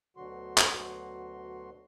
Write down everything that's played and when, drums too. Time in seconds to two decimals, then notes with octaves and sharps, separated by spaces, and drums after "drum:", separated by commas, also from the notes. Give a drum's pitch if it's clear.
0.17 D2 B2 D3 F#3 F#4 C6
0.58 drum: clap